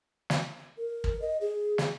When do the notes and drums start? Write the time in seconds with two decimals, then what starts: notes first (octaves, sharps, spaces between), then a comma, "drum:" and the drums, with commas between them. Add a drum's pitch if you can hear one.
0.30 drum: snare
0.78 A#4
1.04 drum: kick
1.22 D#5
1.41 G#4
1.78 drum: snare